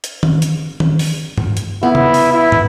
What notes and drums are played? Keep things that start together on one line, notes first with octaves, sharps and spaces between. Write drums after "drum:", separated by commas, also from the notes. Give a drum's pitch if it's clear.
drum: hi-hat
drum: tom D#3
drum: hi-hat
drum: tom D#3
drum: open hi-hat
drum: tom
drum: hi-hat
B3 E4
drum: tom
drum: open hi-hat
E4
drum: tom